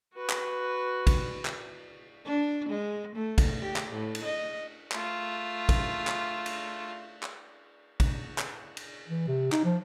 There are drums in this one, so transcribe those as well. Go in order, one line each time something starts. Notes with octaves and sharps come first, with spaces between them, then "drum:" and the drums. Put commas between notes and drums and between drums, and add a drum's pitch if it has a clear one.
F#4 B4
drum: clap
drum: kick, cymbal
drum: clap
D4
G#3
A3
drum: kick, cymbal
G4
drum: clap
A2
drum: cymbal
D#5
A3 F4, drum: clap
drum: kick, cymbal
drum: clap
drum: cymbal
drum: clap
drum: kick, cymbal
drum: clap
drum: cymbal
E3
C3
D#4, drum: clap
F3